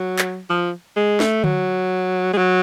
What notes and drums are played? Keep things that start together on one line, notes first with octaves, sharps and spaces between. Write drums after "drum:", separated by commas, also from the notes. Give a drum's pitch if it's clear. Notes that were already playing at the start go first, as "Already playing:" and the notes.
Already playing: F#3
drum: clap
F3
G#3
A3, drum: snare
F#3, drum: tom D3
G#3
F#3